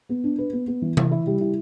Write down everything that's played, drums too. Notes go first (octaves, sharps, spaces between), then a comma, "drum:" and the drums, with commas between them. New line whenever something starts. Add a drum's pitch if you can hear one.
B3
D4
B4
B3
B3
E3
E3, drum: tom C3
E4
G3
E4